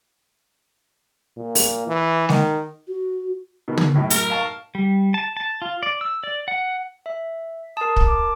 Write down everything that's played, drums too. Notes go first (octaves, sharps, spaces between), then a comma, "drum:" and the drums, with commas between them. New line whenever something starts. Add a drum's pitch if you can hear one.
A#2
drum: open hi-hat
E3
D#3, drum: snare
F#4
B2 D#3
drum: tom
F#2 A2
A#4, drum: hi-hat
F5 A5 C#6
G3
A5
A5
F4
D5
E6
D5
F#5
E5
A#4 A5 D#6
drum: kick
D6